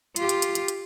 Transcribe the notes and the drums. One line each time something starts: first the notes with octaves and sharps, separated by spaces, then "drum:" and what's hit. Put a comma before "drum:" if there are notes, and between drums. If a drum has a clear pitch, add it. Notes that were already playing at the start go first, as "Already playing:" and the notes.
F4 G4, drum: hi-hat
drum: hi-hat
drum: hi-hat
drum: hi-hat
drum: hi-hat